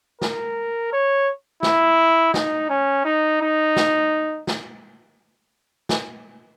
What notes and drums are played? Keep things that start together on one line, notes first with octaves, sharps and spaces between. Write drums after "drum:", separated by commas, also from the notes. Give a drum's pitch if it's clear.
A#4, drum: snare
C#5
E4, drum: snare
D#4, drum: snare
C#4
D#4
D#4
drum: snare
drum: snare
drum: snare